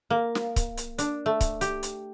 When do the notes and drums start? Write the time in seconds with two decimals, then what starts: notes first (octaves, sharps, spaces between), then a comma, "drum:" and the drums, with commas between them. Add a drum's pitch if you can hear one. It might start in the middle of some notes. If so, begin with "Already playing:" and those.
0.10 A#3
0.35 drum: snare
0.56 drum: kick C#1, hi-hat
0.77 drum: hi-hat
0.98 D4, drum: hi-hat
1.26 A3
1.41 drum: kick C#1, hi-hat
1.61 G4, drum: hi-hat
1.83 drum: hi-hat